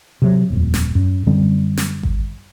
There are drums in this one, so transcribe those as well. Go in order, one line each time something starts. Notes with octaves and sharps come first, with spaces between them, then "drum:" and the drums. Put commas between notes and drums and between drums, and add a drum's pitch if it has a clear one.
C3 F#3
D#1 F2
drum: snare
F#2
F#2 D3 G3 C4
drum: snare
drum: kick G#1